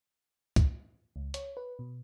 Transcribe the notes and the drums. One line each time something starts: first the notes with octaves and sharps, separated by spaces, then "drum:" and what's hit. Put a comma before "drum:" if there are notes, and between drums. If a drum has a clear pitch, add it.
drum: kick C2, hi-hat
C#2
C#5, drum: hi-hat
B4
B2